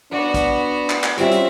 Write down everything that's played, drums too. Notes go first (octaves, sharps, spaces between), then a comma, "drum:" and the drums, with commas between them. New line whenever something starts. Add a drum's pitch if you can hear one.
B3 D4 F#4 B4 D5
drum: kick, hi-hat
drum: clap
drum: clap
G3 C4 C#4 F4 F#4 E5, drum: hi-hat
drum: hi-hat